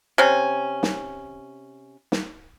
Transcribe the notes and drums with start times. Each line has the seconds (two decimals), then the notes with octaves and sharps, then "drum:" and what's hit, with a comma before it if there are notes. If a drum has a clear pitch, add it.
0.18 C3 C#4
0.83 drum: snare
2.12 drum: snare